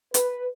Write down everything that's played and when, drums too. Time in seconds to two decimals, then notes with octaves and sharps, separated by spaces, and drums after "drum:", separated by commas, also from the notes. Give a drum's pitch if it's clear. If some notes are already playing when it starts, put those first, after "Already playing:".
0.14 B4, drum: hi-hat